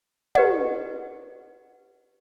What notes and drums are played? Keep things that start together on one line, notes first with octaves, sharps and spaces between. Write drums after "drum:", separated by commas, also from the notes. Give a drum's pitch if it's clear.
G4 B4 D#5 F#5, drum: tom